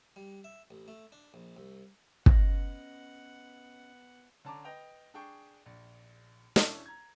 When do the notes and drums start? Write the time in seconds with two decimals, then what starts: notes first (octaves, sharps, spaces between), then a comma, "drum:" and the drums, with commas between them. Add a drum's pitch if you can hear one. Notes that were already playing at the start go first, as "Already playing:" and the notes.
0.16 G3
0.44 E5
0.71 A1
0.88 A3
1.12 D4
1.34 A#1
1.57 C2
2.26 B3 C#4 D#5 F#5, drum: kick
4.44 D3 C#4 A5 A#5 D6
4.64 B4 D#5 G5 F7
5.14 D4 G#4 G5 C#6
5.66 A#1
6.56 E1 C#4 D4 E4 A5 G6, drum: snare
6.86 A#5 G#6